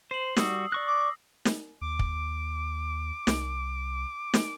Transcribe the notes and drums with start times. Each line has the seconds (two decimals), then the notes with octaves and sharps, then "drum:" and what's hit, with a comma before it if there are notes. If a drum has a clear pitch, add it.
0.11 C5 C7 F#7
0.37 G3 F#4 D#6 E6, drum: snare
0.72 D5 C#6 F#6 A#6
0.87 D6
1.45 drum: snare
1.81 D#2 D6
1.99 drum: kick
3.27 C2, drum: snare
4.34 drum: snare